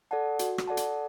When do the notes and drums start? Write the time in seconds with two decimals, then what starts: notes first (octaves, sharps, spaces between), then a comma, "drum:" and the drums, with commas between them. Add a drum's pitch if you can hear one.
0.11 A4 D5 F#5 A5
0.39 F#4, drum: hi-hat
0.58 drum: rim click
0.68 A4 D5 F#5 A5
0.77 drum: hi-hat